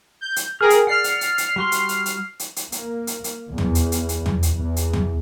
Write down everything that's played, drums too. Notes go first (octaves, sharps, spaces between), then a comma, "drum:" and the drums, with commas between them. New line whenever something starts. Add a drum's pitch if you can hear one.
G6
drum: hi-hat
G#4 A#4 G5 F6
drum: hi-hat
D5 F#5 F6 C7
drum: hi-hat
drum: hi-hat
drum: hi-hat
G3 F#4 C6
drum: hi-hat
drum: hi-hat
drum: hi-hat
drum: hi-hat
drum: hi-hat
A#3, drum: hi-hat
drum: hi-hat
drum: hi-hat
E2
drum: tom
drum: hi-hat
drum: hi-hat
drum: hi-hat
drum: tom
drum: hi-hat
E2
drum: hi-hat
drum: tom